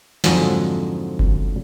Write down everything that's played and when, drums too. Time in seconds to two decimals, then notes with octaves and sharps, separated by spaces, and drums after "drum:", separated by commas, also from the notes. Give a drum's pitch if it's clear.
0.24 F2 G#2 D3 F3 F#3 G#3, drum: snare
1.19 drum: kick F#1